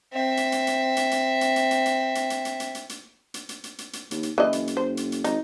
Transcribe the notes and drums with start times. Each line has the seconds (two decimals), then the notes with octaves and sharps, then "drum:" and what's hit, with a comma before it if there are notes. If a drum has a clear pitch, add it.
0.13 C4 E5
0.37 drum: hi-hat
0.52 drum: hi-hat
0.67 drum: hi-hat
0.97 drum: hi-hat
1.11 drum: hi-hat
1.41 drum: hi-hat
1.56 drum: hi-hat
1.71 drum: hi-hat
1.86 drum: hi-hat
2.15 drum: hi-hat
2.30 drum: hi-hat
2.45 drum: hi-hat
2.60 drum: hi-hat
2.75 drum: hi-hat
2.89 drum: hi-hat
3.34 drum: hi-hat
3.49 drum: hi-hat
3.64 drum: hi-hat
3.78 drum: hi-hat
3.93 drum: hi-hat
4.11 D#2, drum: hi-hat
4.23 drum: hi-hat
4.38 F#1 E3 D#5
4.53 drum: hi-hat
4.67 drum: hi-hat
4.77 C5
4.97 drum: hi-hat
5.12 drum: hi-hat
5.24 G#1 D#4, drum: hi-hat